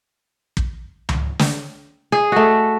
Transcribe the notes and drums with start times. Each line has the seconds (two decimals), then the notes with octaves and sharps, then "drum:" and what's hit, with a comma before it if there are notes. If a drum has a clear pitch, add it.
0.57 drum: kick
1.09 drum: tom C#2
1.39 drum: snare
2.12 G#4
2.32 A3 F#4